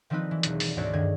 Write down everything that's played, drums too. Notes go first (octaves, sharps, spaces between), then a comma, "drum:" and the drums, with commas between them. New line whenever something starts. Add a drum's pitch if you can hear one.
D#3 F3 G3 C4 D#4 B4
E3
E1 F#3, drum: hi-hat
G3, drum: open hi-hat
D2 G#2 C4 F#4 C#5 D5
G2 D#3 G#6